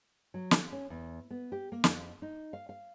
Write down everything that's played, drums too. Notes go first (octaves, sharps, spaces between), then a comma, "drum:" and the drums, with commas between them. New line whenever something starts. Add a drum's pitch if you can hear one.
F#3
drum: snare
C#4
E2
B3
G4
A#3
F2, drum: snare
D#4
F5
F5